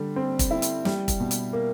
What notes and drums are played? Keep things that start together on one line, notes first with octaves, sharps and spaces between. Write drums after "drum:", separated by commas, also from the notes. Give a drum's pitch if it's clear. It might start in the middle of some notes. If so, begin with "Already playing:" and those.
Already playing: D3 G3
C4
drum: kick, hi-hat
E4
drum: hi-hat
G3, drum: snare
drum: kick, hi-hat
B2
drum: hi-hat
A#3